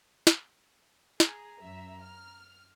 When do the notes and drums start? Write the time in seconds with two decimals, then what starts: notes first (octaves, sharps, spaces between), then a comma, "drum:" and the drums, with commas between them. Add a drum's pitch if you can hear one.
0.27 drum: snare
1.20 G#4 A#5, drum: snare
1.60 F#2 E5
2.01 F6